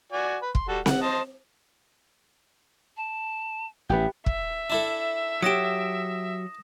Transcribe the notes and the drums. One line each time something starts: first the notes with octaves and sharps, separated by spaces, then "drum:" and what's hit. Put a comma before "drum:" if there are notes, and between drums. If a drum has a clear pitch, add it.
F#4 D5 G#5
B4
C6, drum: kick
G3 F#4 A4
F#5, drum: snare C4
C5 D#5 A5
A5
A1 B3 G4 E5 G5
E5, drum: kick
D4 E4 A4 E7
F#3 G4 D#6 A#6 E7